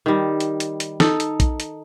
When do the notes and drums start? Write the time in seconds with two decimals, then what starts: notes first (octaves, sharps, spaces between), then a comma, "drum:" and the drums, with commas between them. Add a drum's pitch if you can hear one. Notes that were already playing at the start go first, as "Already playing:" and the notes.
0.06 D#3 G3
0.40 drum: hi-hat
0.60 drum: hi-hat
0.80 drum: hi-hat
1.00 D#4 A4, drum: snare
1.20 drum: hi-hat
1.40 drum: kick A#1, hi-hat
1.60 drum: hi-hat